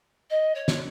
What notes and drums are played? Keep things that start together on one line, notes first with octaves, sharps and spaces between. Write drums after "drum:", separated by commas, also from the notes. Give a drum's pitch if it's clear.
D#5
C#5
drum: snare